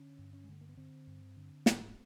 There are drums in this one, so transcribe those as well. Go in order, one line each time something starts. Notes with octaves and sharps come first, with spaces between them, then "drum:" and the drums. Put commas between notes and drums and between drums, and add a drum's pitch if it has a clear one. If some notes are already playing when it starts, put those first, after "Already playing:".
Already playing: D3 C#4
G2
C#4
G#3
D3 A3
A#3
B3
D3 C4
G2
D3
G#2, drum: snare